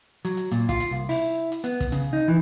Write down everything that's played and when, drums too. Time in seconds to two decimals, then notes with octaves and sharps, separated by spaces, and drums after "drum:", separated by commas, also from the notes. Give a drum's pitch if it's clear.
0.25 F#3, drum: hi-hat
0.37 drum: hi-hat
0.52 A#2, drum: hi-hat
0.69 F4, drum: kick, hi-hat
0.80 drum: hi-hat
0.91 C2
1.09 E4, drum: open hi-hat
1.52 drum: hi-hat
1.64 B3, drum: hi-hat
1.80 drum: kick, hi-hat
1.92 C#3, drum: hi-hat
2.13 D#4
2.28 E3